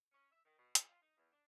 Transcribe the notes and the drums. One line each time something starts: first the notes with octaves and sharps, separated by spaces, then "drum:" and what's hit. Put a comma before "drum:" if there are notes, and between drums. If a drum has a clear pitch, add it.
C#4
E5
D#3
B2
F2, drum: hi-hat
F4
D#4
E2
D4